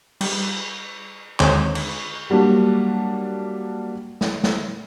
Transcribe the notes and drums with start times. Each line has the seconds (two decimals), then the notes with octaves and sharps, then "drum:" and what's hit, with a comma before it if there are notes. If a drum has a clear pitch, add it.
0.21 G3, drum: cymbal
1.40 D#2 D3 G#3 C4 C#5, drum: clap
1.75 drum: cymbal
2.30 F#3 G3 A#3 D4
4.21 drum: snare
4.43 drum: snare